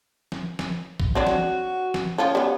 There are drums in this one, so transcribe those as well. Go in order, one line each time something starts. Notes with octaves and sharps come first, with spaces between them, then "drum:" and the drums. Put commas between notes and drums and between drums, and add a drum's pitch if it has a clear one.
drum: snare
drum: snare
drum: kick
C4 D4 F#4 C#5
drum: snare
drum: snare
F3 C#4 F4 A4
G3 B3